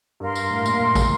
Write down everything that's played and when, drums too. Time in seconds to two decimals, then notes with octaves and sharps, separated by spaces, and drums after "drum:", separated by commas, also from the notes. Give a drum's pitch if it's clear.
0.20 G2 A#4 F5 C6
0.35 drum: tambourine
0.51 A2
0.66 A#2, drum: tambourine
0.80 A2
0.95 drum: kick, tambourine